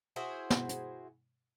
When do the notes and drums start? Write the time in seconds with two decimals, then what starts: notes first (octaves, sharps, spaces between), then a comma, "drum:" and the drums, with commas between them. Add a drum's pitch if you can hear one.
0.16 E4 F#4 G#4 C5
0.50 drum: snare
0.69 drum: hi-hat